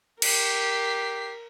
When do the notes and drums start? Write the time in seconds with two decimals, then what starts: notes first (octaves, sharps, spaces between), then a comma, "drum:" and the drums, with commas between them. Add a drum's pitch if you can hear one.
0.22 G4 A#4 B6 C7, drum: cymbal